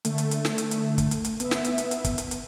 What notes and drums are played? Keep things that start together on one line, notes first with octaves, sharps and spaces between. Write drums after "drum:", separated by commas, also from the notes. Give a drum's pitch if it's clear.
D3 A3, drum: hi-hat
drum: hi-hat
drum: hi-hat
drum: snare
drum: hi-hat
drum: hi-hat
drum: kick, hi-hat
drum: hi-hat
drum: hi-hat
B3 E5, drum: hi-hat
drum: snare
drum: hi-hat
drum: hi-hat
drum: hi-hat
drum: kick, hi-hat
drum: hi-hat
drum: hi-hat